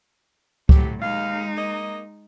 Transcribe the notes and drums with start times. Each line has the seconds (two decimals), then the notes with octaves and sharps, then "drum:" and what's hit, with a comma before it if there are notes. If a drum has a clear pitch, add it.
0.69 A2 F#3 C4 G4, drum: kick C#2
1.02 D#2 G#3 D#4 F5
1.57 A#3 D#5